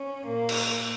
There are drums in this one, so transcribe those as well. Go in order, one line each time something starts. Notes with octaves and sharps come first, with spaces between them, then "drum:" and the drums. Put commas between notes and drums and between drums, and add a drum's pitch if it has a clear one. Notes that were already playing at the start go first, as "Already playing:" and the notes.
Already playing: C#4
A#2 A#3
drum: cymbal